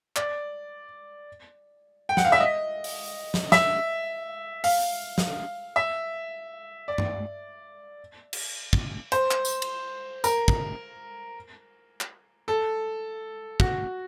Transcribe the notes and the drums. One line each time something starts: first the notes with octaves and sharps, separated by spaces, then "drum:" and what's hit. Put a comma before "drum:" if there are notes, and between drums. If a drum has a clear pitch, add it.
D5, drum: clap
G5
F#5, drum: snare
F5
E5
D#5
drum: open hi-hat
drum: snare
E5, drum: snare
F5, drum: open hi-hat
drum: snare
E5
D5
drum: tom G2
drum: cymbal
drum: kick
C5, drum: hi-hat
drum: clap
drum: tambourine
drum: cymbal
A#4, drum: tambourine
drum: kick
drum: clap
A4
F#4, drum: kick